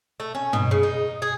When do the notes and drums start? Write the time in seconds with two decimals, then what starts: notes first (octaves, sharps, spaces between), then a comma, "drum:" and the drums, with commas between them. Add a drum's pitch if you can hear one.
0.20 A3
0.35 C#4
0.53 B2, drum: tom
0.71 C#3
0.83 D#4
1.22 G#4